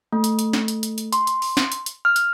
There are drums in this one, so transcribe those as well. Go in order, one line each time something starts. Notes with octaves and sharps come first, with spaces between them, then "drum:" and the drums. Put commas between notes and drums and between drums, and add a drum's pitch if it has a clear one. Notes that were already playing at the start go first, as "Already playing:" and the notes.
A3
drum: hi-hat
drum: hi-hat
drum: snare
drum: hi-hat
drum: hi-hat
drum: hi-hat
C6, drum: hi-hat
drum: hi-hat
drum: open hi-hat
drum: snare
drum: hi-hat
drum: hi-hat
F6
drum: hi-hat